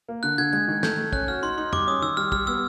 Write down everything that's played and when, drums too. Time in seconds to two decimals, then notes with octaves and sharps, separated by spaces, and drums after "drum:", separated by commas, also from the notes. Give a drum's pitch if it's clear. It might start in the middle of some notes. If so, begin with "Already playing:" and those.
0.08 A#3
0.23 D3 F#6
0.38 D3 G#6
0.53 G#3 G#6
0.68 D#3
0.83 A3 G6, drum: snare
0.98 A3
1.13 C#4 F#6, drum: kick
1.28 F#4 F6
1.43 D#4 C6
1.58 D#4 C6
1.73 G3 D6, drum: tom
1.87 C#4 D#6
2.02 D#3 E6
2.17 G3 F6
2.32 G3 F6, drum: kick
2.47 B3 E6